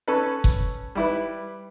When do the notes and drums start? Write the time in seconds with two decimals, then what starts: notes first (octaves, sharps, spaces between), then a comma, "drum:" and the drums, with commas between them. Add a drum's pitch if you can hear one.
0.08 C#4 A4 B4
0.44 drum: kick F#1
0.95 G3 E4 B4